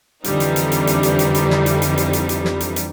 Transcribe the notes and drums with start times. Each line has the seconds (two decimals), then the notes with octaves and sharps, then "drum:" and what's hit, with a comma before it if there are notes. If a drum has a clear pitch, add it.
0.24 F2 D3 E3 G3 D#4, drum: hi-hat
0.40 drum: hi-hat
0.56 drum: hi-hat
0.72 drum: hi-hat
0.87 drum: hi-hat
1.03 drum: hi-hat
1.19 drum: hi-hat
1.35 drum: hi-hat
1.50 drum: snare
1.66 drum: hi-hat
1.82 drum: hi-hat
1.97 drum: hi-hat
2.13 drum: hi-hat
2.29 drum: hi-hat
2.45 drum: snare
2.60 drum: hi-hat
2.76 drum: hi-hat